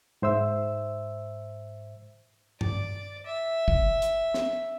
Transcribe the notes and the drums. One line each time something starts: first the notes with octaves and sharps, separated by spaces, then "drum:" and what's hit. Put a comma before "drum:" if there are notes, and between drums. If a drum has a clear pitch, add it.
G#2 C5 E5 E6
D5, drum: tom G2
E5
drum: kick
drum: hi-hat
drum: snare